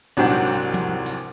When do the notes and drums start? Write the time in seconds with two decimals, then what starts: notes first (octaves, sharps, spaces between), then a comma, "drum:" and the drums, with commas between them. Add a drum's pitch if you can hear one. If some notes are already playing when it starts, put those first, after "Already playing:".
0.17 C2 G#2 F#3 D4 F#5 G5, drum: open hi-hat
0.74 drum: tom F3
1.06 drum: hi-hat